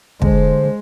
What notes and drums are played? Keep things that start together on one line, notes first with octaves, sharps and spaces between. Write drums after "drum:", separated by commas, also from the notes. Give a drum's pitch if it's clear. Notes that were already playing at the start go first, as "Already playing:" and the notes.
D3 G#3 C5, drum: kick